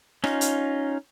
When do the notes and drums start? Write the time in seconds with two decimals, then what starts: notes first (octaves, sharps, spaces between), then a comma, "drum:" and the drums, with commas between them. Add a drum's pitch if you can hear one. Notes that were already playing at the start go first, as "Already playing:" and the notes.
0.24 C#4 D#4 F4, drum: rim click
0.41 drum: hi-hat